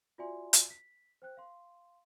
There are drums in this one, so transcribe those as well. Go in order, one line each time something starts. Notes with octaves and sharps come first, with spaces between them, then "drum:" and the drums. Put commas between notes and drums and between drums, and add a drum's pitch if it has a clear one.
F4 F#4 D5 E5 G#5 C6
drum: hi-hat
B6
C5 G5 F#6
F5 C6